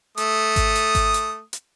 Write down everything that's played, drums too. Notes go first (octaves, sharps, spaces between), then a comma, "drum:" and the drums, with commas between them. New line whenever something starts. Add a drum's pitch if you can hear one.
A3 D#6, drum: hi-hat
drum: kick G#1, hi-hat
drum: hi-hat
drum: kick G#1, hi-hat
drum: hi-hat
drum: hi-hat